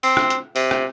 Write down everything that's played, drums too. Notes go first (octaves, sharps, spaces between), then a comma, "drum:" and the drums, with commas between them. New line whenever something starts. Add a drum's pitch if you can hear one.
C4, drum: open hi-hat
drum: rim click
drum: hi-hat
C3, drum: open hi-hat
drum: rim click